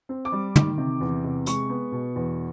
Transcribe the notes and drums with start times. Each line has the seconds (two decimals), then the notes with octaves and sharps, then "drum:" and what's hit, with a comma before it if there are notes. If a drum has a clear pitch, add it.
0.09 C4
0.25 D6
0.32 G3
0.56 D#3, drum: tom
0.78 C3
1.01 E2
1.24 C3
1.46 G#3 C#6, drum: hi-hat
1.70 B3
1.92 B2
2.16 E2